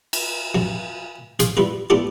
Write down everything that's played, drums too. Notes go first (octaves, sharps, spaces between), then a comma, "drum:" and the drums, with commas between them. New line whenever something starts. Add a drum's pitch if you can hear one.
drum: cymbal
F#2 F#3
G#4 F5 C6, drum: hi-hat
G3 E4 F4 B4
A3 B3 D4 E4 F4 G4